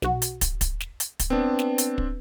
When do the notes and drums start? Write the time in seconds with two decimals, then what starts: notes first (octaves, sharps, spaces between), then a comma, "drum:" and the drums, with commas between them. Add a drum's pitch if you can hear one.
0.02 B1 F#4, drum: snare
0.22 drum: hi-hat
0.41 drum: kick, hi-hat
0.61 drum: kick, hi-hat
0.80 drum: snare
1.00 drum: hi-hat
1.20 drum: kick, hi-hat
1.30 B3 C4 D4
1.59 drum: snare
1.78 drum: hi-hat
1.98 drum: kick